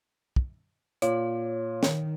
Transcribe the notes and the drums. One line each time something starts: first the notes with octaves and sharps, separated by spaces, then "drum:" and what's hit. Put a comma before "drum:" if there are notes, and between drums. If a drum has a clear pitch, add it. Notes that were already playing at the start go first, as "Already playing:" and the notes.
drum: kick
A#2 C#5, drum: hi-hat
D#3, drum: snare